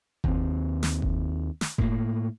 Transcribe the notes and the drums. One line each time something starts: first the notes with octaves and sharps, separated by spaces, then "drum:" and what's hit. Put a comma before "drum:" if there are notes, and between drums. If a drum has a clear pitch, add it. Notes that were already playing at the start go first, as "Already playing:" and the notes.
D#2 C4, drum: kick F#1
drum: snare
drum: kick F#1
drum: snare
A2 A#3, drum: kick F#1